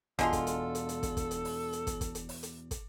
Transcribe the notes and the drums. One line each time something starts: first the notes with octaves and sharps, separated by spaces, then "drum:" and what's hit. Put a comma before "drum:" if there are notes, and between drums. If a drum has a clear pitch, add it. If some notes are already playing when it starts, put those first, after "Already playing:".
E2 B2 D3 G#3 F4 A4, drum: kick, hi-hat
drum: kick, hi-hat
drum: hi-hat
drum: hi-hat
drum: hi-hat
drum: kick, hi-hat
drum: kick, hi-hat
drum: hi-hat
drum: open hi-hat
drum: hi-hat
drum: kick, hi-hat
drum: kick, hi-hat
drum: hi-hat
drum: open hi-hat
drum: hi-hat
drum: kick, hi-hat